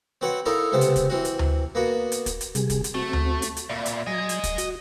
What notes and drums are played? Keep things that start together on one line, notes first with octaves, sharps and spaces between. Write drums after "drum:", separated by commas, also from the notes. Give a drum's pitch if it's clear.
C4 F#4 B4 C#5 F#5
D#4 E4 A4 A#4 C#5 F5
C#2 C3 B3 C4 A5
drum: hi-hat
drum: kick, hi-hat
E3 C4 F#4
drum: hi-hat
drum: tom D2
A#3 B3 F#4
drum: hi-hat
drum: kick, hi-hat
drum: hi-hat
C3 G3 G#4, drum: hi-hat
drum: kick, hi-hat
drum: hi-hat
A3 C4 F#4
drum: tom D2
drum: hi-hat
drum: hi-hat
A#2 D5 E5 B5
drum: hi-hat
F#3 D#5 G#5 G#6
drum: hi-hat
drum: kick, hi-hat
F#4, drum: hi-hat